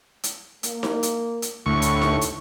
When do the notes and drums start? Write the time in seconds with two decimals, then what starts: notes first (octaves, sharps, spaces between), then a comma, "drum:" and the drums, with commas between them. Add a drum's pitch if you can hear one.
0.23 drum: hi-hat
0.63 A#3, drum: hi-hat
0.83 drum: snare D#4
1.03 drum: hi-hat
1.42 drum: hi-hat
1.66 D2 A2 C#6
1.82 drum: hi-hat
2.02 drum: snare D#4
2.21 drum: hi-hat